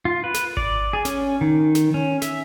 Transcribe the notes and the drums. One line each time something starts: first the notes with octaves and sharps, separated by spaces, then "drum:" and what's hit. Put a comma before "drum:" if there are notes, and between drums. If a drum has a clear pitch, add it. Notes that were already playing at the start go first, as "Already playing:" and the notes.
F4
B4
drum: snare
D5, drum: kick G#1
G#4
C#4, drum: snare
D#3
drum: snare
C#4
E5, drum: snare